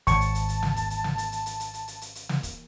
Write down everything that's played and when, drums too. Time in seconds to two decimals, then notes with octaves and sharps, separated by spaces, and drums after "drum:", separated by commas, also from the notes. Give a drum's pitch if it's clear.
0.07 G#1 A5 C#6, drum: hi-hat
0.21 drum: hi-hat
0.35 drum: hi-hat
0.49 drum: hi-hat
0.63 drum: snare
0.76 drum: kick, hi-hat
0.90 drum: hi-hat
1.04 drum: snare
1.18 drum: hi-hat
1.32 drum: hi-hat
1.46 drum: hi-hat
1.60 drum: hi-hat
1.74 drum: hi-hat
1.88 drum: hi-hat
2.01 drum: hi-hat
2.15 drum: hi-hat
2.29 drum: snare
2.43 drum: kick, hi-hat